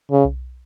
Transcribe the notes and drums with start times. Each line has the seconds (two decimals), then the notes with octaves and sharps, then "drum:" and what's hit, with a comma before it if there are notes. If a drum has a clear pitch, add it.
0.11 C#3
0.25 drum: kick B1